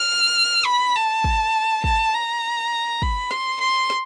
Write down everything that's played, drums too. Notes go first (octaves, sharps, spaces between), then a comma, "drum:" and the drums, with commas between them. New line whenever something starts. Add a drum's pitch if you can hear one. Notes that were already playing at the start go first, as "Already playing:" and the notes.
Already playing: F6
B5
A5
drum: kick
A5, drum: kick
A#5
B5, drum: kick
C6, drum: snare
C6
drum: snare